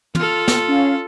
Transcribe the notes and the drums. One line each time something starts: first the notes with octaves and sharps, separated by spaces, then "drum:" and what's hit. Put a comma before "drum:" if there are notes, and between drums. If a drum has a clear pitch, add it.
F4 A4 F6, drum: tom
drum: snare
C#4 F5